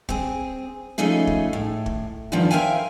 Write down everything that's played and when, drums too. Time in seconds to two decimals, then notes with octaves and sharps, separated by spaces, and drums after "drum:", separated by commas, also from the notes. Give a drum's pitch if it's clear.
0.09 C4 G#4, drum: kick
0.98 C#3 F3 A3 D#4 G#4
1.27 drum: kick
1.53 A2
1.86 drum: kick
2.32 E2 G2 D3 D#3 F3
2.51 A#4 C5 E5 F5 G5 G#5